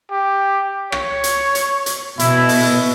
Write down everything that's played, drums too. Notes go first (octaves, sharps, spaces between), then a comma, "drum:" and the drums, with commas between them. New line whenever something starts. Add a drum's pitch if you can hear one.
G4
C#5, drum: rim click
drum: hi-hat
drum: hi-hat
drum: hi-hat
B2 E4, drum: hi-hat
drum: open hi-hat